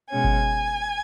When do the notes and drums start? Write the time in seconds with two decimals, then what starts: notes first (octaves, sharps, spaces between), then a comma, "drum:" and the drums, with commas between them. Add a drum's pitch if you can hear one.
0.11 B2 G#3 C#4 G#5
0.24 drum: kick G1